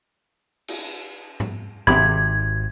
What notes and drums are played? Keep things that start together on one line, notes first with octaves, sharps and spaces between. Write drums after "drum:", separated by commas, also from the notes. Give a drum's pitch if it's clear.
drum: cymbal
drum: tom G#2
D1 G#1 C3 G4 B5 G#6, drum: tom G#2